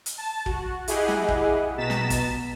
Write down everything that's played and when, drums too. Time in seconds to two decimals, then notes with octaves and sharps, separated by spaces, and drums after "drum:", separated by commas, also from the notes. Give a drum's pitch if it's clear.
0.06 drum: hi-hat
0.18 A5
0.46 F#4, drum: kick
0.88 E4 G4 G#4 D#5 F#5, drum: hi-hat
1.08 drum: snare
1.28 drum: kick
1.78 B2 A#5 A6 B6 E7
1.90 drum: snare
2.10 drum: kick, hi-hat